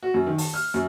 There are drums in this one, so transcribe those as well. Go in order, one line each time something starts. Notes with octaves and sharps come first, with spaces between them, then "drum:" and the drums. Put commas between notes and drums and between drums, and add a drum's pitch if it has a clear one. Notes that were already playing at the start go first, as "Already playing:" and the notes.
F#4
F#2
D#3
A5, drum: open hi-hat
F6
F#2